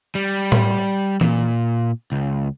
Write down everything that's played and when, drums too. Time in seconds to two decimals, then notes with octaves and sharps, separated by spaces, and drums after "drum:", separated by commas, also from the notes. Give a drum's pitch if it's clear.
0.15 G3
0.52 drum: tom A2
1.21 A#2, drum: tom E3
2.12 C#2